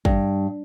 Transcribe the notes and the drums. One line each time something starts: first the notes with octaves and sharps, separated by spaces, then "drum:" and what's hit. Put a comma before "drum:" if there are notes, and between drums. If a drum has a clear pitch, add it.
G2, drum: kick